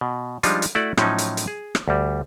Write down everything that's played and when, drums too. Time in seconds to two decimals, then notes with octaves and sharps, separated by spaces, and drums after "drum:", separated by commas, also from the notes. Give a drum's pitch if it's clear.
0.01 B2
0.43 F3 G3 G#3 D4 D#4 F4, drum: hi-hat
0.62 drum: hi-hat
0.75 A3 E4 F#4 A4 D5 F#5
0.97 A2 F3 F#3 C#4 D#4, drum: rim click
1.18 drum: hi-hat
1.37 drum: hi-hat
1.47 G#4
1.75 drum: rim click
1.88 D2 G3